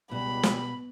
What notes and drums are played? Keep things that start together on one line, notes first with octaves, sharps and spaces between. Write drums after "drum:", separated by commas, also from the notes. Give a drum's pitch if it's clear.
C#2 B2 G3 B5
drum: snare